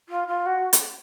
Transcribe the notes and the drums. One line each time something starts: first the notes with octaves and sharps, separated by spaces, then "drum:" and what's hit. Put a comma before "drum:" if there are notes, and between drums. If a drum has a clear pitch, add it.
F4
F4
F#4
drum: hi-hat